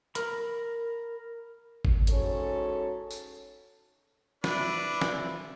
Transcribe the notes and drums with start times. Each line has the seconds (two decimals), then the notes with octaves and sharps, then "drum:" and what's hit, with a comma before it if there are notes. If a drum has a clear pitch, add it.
0.15 A#4 B5, drum: hi-hat
1.85 drum: kick G#1
2.07 G#2 C#4 F#4 A4 C#5, drum: hi-hat
3.11 drum: tambourine
4.44 D4 E4 B4, drum: snare
5.01 drum: snare